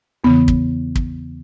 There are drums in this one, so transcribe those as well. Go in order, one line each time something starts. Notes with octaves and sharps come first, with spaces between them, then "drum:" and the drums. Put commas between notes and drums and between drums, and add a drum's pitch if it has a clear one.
E2 C#3 E3 B3
drum: kick
drum: kick